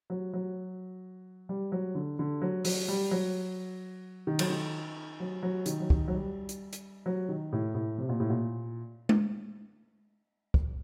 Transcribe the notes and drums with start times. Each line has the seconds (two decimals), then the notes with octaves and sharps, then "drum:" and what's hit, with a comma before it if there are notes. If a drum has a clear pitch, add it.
0.10 F#3
0.33 F#3
1.49 G3
1.72 F#3
1.95 D3
2.19 D3
2.42 F#3
2.65 F#3, drum: open hi-hat
2.88 G3
3.11 F#3
4.27 D#3
4.39 F#3, drum: cymbal
4.50 D#3
5.20 F#3
5.43 F#3
5.66 D#3, drum: hi-hat
5.80 F#3
5.90 D#3, drum: kick
6.08 F#3
6.13 G3
6.49 drum: hi-hat
6.73 drum: hi-hat
7.06 F#3
7.29 D#3
7.52 A2
7.75 A2
7.98 C3
8.09 A#2
8.20 A2
8.30 A#2
9.09 drum: tom G#3
10.54 drum: kick